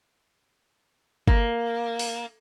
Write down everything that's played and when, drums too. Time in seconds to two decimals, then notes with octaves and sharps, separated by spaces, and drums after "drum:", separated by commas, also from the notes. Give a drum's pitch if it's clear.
1.28 A#3, drum: kick G1
1.99 drum: open hi-hat